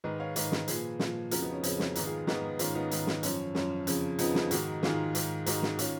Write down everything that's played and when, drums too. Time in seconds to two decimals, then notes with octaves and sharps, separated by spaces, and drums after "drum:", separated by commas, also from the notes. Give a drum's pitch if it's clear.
0.04 G#2 D#3 B4 D#5
0.20 C#5 F5
0.36 G#2 D#3 B4 D#5, drum: hi-hat
0.52 drum: snare
0.68 A#2 F3 G#4 B4, drum: hi-hat
0.99 A#2 F3, drum: snare
1.31 F2 C#3 F3 F#4 A#4, drum: hi-hat
1.42 B3 D#4
1.53 C#4
1.63 F2 C#3 F3 C#4, drum: hi-hat
1.79 drum: snare
1.95 G#2 D#3 B3 D#4, drum: hi-hat
2.06 F4 G#4
2.27 G#2 D#3 B3 D#4, drum: snare
2.59 G#2 D#3 C#4 F4, drum: hi-hat
2.75 B3 D#4
2.91 G#2 D#3, drum: hi-hat
3.07 drum: snare
3.23 F#2 F3 C#4, drum: hi-hat
3.55 F#2 F3 C#4, drum: snare
3.87 F2 C#3 F3, drum: hi-hat
4.19 F2 C#3 F3 B3 D#4, drum: hi-hat
4.35 drum: snare
4.51 G#2 D#3 D#4 F#4, drum: hi-hat
4.83 G#2 D#3 F4 G#4, drum: snare
5.15 G#2 D#3, drum: hi-hat
5.46 G#2 D#3 D#4 F#4, drum: hi-hat
5.63 drum: snare
5.79 D#3 C#4 F4, drum: hi-hat